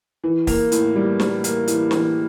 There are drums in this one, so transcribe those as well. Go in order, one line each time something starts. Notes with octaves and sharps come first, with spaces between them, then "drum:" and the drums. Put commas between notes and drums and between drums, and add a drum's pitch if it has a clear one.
E3
A#3, drum: kick, open hi-hat
A2, drum: hi-hat
G3
G3, drum: snare
A#3, drum: hi-hat
E3, drum: hi-hat
E3, drum: snare